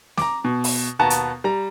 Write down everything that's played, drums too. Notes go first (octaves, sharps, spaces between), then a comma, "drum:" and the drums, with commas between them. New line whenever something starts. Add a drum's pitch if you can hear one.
A#5 D6, drum: snare
B2
drum: open hi-hat
D#2 B2 B3 A5 A#5
drum: hi-hat
G3 A#5